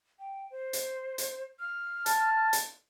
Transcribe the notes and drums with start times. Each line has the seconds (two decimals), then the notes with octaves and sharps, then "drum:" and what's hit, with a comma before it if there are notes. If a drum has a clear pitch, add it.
0.19 G5
0.51 C5
0.73 drum: hi-hat
1.18 drum: hi-hat
1.59 F6
2.06 A5, drum: hi-hat
2.53 drum: hi-hat